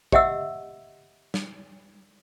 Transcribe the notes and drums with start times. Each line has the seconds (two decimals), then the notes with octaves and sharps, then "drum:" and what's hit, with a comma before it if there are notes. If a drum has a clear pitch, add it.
0.12 G4 D#5 E5 F#5 E6, drum: kick
1.34 drum: snare